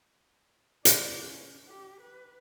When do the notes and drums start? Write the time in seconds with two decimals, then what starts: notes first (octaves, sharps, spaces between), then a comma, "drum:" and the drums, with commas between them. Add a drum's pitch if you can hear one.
0.85 D5, drum: hi-hat
1.27 C#4
1.67 G4
2.01 B4